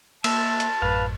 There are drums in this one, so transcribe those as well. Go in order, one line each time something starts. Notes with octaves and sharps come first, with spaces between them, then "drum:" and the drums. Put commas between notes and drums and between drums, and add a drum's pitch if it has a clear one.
A#3 E5 A5, drum: cymbal
drum: hi-hat
A1 F#2 A2 B4 F5